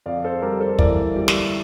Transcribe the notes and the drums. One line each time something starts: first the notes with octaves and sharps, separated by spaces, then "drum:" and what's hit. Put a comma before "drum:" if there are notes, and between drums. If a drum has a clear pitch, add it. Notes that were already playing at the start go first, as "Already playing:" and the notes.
F2 D5 F5
A4 C5
G3 G4 A#4
A4 C5
E3 A#4 D5, drum: kick
G3
drum: snare